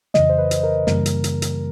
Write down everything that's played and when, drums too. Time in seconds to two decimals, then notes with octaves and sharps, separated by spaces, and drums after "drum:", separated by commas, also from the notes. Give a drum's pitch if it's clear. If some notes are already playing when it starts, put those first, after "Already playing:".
0.14 F2 C#3 E3 D#5, drum: snare
0.29 C5
0.38 B4
0.51 drum: hi-hat
0.63 A#4
0.87 F#2 C#3 E3 G3 A#3 A#4, drum: snare
1.06 drum: hi-hat
1.24 drum: hi-hat
1.42 drum: hi-hat